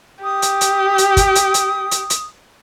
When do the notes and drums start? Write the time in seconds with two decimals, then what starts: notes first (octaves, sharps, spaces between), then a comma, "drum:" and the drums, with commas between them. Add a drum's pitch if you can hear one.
0.24 G4 D#6
0.42 drum: hi-hat
0.61 drum: hi-hat
0.98 drum: hi-hat
1.17 drum: kick, hi-hat
1.35 drum: hi-hat
1.54 drum: hi-hat
1.91 drum: hi-hat
2.10 drum: hi-hat